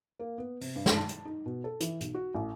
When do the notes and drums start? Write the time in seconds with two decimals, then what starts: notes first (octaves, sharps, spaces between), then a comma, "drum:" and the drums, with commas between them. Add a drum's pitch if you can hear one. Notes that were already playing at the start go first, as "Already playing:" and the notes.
0.19 A#3
0.38 B3
0.61 C3, drum: open hi-hat
0.76 G2
0.86 drum: snare
0.97 A5
1.09 drum: hi-hat
1.25 D#4
1.46 B2
1.64 A4
1.80 E3, drum: hi-hat
2.00 B1, drum: hi-hat
2.14 F#4
2.34 A1